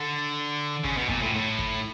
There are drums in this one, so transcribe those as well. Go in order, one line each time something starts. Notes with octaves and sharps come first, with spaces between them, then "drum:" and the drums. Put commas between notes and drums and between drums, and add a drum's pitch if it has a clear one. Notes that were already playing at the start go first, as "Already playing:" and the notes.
Already playing: D3
C#3, drum: kick
B2
A#2, drum: kick
A2
A2
drum: kick